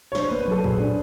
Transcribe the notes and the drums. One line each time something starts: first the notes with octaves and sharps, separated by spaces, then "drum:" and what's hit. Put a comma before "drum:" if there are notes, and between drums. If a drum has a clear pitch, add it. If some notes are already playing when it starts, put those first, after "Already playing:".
C#5
D4 C5, drum: snare
B4
A#3
B4
F#3 A4
A#2 G#4, drum: kick
D4